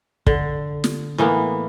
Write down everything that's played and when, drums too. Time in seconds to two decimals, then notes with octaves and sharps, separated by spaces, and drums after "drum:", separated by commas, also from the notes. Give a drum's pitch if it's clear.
0.27 D3, drum: kick
0.84 drum: snare
1.18 A2 E3 A#3 B3